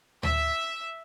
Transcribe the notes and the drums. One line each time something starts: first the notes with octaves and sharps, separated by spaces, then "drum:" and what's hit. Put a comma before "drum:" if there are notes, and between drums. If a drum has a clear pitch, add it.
E5, drum: tom D2